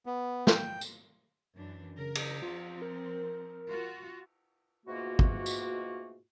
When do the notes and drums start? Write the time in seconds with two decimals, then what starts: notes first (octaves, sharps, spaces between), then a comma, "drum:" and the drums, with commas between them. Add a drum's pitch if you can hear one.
0.06 B3
0.47 G5, drum: snare
0.81 drum: tambourine
1.56 F#2 E3 D4
1.97 C#3 A#4
2.15 drum: cymbal
2.42 F3 C4 F4
2.82 A#4
3.69 F4 F#4
4.86 G#2 B2 A3 A#3 F4 F#4
5.19 drum: kick
5.46 drum: tambourine